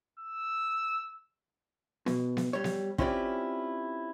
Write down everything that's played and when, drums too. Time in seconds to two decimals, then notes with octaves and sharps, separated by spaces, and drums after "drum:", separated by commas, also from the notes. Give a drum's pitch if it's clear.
0.19 E6
2.06 B2, drum: snare B3
2.37 drum: snare B3
2.53 G3 C#5
2.64 drum: snare B3
2.98 C4 C#4 E4 F4 G4 D5, drum: kick